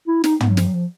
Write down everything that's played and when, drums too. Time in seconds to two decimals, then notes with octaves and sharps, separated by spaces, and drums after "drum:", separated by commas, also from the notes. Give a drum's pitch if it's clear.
0.07 E4
0.24 D#4, drum: snare
0.40 B3, drum: tom
0.49 F#3
0.57 F3, drum: snare
0.66 F#3
0.74 F3